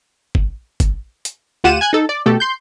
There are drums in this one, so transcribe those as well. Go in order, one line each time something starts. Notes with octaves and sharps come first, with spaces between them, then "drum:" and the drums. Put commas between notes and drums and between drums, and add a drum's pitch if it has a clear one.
drum: kick
drum: kick, hi-hat
drum: hi-hat
D2 F4 G4 F#5 D#7 E7
G#5 F#6 G#6
D#4 A4
D5
B2 A3 G4 A4
C6 G6